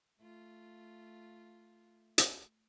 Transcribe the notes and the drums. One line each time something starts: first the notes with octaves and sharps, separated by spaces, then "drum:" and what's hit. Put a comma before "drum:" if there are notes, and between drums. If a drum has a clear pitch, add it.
A3 F4
drum: hi-hat